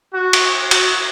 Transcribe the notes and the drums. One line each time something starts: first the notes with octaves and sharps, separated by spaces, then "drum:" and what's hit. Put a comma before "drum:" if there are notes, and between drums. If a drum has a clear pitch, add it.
F#4
drum: cymbal
F#4, drum: cymbal